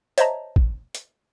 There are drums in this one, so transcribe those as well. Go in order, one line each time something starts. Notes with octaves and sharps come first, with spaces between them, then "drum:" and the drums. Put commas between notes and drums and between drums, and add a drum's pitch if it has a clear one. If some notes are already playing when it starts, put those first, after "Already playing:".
C5 C#5 D#5 E5 A5 A#5, drum: hi-hat
drum: kick
drum: hi-hat